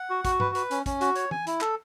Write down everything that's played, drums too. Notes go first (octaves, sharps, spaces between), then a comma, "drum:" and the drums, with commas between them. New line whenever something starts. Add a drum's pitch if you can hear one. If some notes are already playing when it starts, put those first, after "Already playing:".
Already playing: F#5
F#4
F#4, drum: kick, hi-hat
B4, drum: tom G2
B4, drum: hi-hat
C#4, drum: hi-hat
C#4, drum: kick, hi-hat
F#4, drum: hi-hat
C#5, drum: hi-hat
G#5, drum: tom
E4, drum: hi-hat
A4, drum: clap